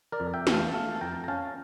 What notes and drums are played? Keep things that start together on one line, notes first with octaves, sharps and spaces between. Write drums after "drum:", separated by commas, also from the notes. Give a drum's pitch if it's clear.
A#4 D5
F2
E5 G5
E3, drum: snare
F5 A5
A3 F5 A5
A5
F2 G5 A#5
A#5
C#4 F5 A5